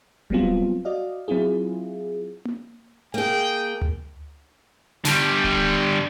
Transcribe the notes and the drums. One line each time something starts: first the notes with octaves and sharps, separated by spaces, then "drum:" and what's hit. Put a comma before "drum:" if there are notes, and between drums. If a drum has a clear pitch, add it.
F#3 G3 B3 C4 F4, drum: kick D1
F#4 D5 D#5 F5
F#3 C4 E4 F4 G#4
drum: tom A#3
A#3 G#4 G5
drum: tom D2
D3 G3, drum: snare
drum: kick D1